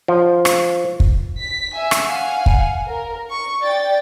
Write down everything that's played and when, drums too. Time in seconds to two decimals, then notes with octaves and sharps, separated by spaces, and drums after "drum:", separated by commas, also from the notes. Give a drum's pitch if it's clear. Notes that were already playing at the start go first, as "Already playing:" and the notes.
0.08 F3
0.45 drum: rim click
1.00 drum: kick
1.39 B6
1.73 E5 G#5
1.91 drum: rim click
2.06 F5 F#5 G#5
2.46 drum: kick
2.86 A#4
3.29 C#6
3.62 D5 G5 A6